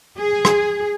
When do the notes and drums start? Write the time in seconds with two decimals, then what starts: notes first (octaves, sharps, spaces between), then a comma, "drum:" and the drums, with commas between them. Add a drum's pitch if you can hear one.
0.17 G#4
0.45 drum: rim click